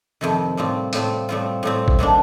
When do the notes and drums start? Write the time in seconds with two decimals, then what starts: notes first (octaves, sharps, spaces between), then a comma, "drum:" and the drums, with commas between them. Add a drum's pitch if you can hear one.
0.21 F2 C3 D#3
0.57 A2 G3 C4 F4
0.93 A2 G3 C4 F4, drum: hi-hat
1.29 A2 G3 C4 F4
1.63 A2 G3 C4 F4
1.88 drum: kick
1.99 C3 D#3 G3 A#3 D4